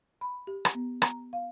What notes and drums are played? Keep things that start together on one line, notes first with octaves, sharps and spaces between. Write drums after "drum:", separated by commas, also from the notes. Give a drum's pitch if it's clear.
B5
G4
drum: rim click
B3
A#5, drum: rim click
F5